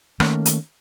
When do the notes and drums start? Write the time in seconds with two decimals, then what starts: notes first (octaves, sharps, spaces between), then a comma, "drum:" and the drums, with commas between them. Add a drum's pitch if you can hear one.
0.20 D#3 A3 A#3 C#4, drum: rim click
0.45 drum: hi-hat